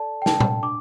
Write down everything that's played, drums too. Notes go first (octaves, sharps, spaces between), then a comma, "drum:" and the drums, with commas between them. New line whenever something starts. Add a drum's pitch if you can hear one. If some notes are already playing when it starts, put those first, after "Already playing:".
Already playing: A4 D5 A5
G5
D4 A5, drum: snare
drum: tom A#2
D4 D6